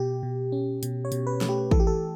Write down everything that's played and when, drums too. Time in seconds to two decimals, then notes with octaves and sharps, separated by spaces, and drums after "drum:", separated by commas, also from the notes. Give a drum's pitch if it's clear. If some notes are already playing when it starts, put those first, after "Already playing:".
Already playing: B2 G4
0.23 B2
0.52 C#4
0.83 B2, drum: hi-hat
1.05 C#5
1.12 B2, drum: hi-hat
1.27 B4
1.41 A3, drum: snare
1.49 G4
1.71 E3 A4, drum: kick
1.80 G4
1.87 A4